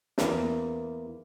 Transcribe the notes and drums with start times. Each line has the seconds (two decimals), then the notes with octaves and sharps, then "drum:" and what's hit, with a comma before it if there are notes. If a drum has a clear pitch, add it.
0.18 E2 E3 A#3 A#4, drum: snare